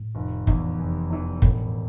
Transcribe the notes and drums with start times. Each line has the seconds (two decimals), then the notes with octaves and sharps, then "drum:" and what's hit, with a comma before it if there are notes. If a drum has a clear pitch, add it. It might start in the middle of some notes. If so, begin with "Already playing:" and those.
Already playing: A2
0.15 F1
0.47 E2 E3, drum: kick
0.79 F1
1.10 E2 E3
1.42 E1 A2, drum: kick